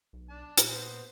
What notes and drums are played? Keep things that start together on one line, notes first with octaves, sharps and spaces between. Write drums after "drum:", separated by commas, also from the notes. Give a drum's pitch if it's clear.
B1
D4 A5
A#2 B4, drum: hi-hat
B3 C5